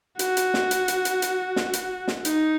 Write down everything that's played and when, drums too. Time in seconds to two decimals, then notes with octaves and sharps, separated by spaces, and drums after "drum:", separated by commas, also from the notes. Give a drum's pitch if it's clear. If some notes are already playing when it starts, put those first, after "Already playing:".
0.19 F#4, drum: hi-hat
0.37 drum: hi-hat
0.54 drum: snare
0.71 drum: hi-hat
0.88 drum: hi-hat
1.05 drum: hi-hat
1.22 drum: hi-hat
1.56 drum: snare
1.73 drum: hi-hat
2.08 drum: snare
2.25 D#4, drum: hi-hat